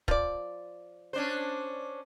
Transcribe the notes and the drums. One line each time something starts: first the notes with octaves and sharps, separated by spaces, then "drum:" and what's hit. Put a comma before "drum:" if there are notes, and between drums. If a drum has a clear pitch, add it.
F3 D5, drum: kick
C#4 D4 C5